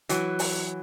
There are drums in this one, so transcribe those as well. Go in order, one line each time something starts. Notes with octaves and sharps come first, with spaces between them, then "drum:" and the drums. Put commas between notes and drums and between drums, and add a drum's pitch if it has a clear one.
E3 F#3, drum: hi-hat
drum: open hi-hat